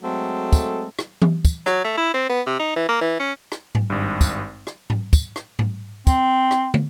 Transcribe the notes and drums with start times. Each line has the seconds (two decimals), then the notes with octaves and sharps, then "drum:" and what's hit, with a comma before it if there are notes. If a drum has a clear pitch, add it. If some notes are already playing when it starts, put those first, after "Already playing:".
0.03 F#3 G#3 A3 C4 A4
0.53 drum: kick, tambourine
0.99 drum: rim click
1.22 drum: tom E3
1.45 drum: kick, tambourine
1.66 F#3, drum: rim click
1.84 A3
1.97 E4
2.14 C4
2.30 B3
2.47 C3
2.60 D#4
2.76 E3
2.89 A#3
3.01 E3
3.20 C#4
3.52 drum: rim click
3.75 drum: tom G#2
3.90 G#1 G2
4.21 drum: kick, tambourine
4.67 drum: rim click
4.90 drum: tom G#2
5.13 drum: kick, tambourine
5.36 drum: rim click
5.59 drum: tom G#2
6.07 C4, drum: kick, tambourine
6.51 drum: rim click
6.74 drum: tom